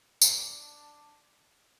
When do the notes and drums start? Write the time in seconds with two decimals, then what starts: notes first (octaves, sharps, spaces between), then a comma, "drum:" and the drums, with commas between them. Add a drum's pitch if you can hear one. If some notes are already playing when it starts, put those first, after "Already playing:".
0.21 D4, drum: tambourine